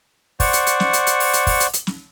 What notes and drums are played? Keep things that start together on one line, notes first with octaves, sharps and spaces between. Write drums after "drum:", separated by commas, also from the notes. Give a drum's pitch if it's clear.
C5 D5 F#5 C#6, drum: kick, open hi-hat
drum: hi-hat
drum: hi-hat
drum: snare
drum: hi-hat
drum: hi-hat
drum: open hi-hat
drum: hi-hat
drum: kick, open hi-hat
drum: hi-hat
drum: hi-hat
drum: snare